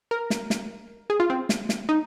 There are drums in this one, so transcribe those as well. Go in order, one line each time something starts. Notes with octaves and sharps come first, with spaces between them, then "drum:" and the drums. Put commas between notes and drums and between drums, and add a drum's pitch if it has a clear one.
A#4
drum: snare
drum: snare
G#4
F4
C4
drum: snare
drum: snare
D#4